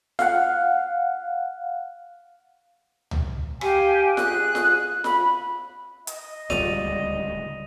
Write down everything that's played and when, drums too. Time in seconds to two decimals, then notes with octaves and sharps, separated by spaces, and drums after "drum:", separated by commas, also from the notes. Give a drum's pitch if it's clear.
0.19 F5 F#5, drum: snare F4
3.11 drum: tom C#2
3.61 G4 F5 G#5, drum: rim click
4.17 G#4 F#6, drum: snare F4
4.55 drum: snare F4
5.04 B5, drum: snare F4
6.07 D#5, drum: hi-hat
6.50 D1 C#2 G3 D5 D#7 F7, drum: snare F4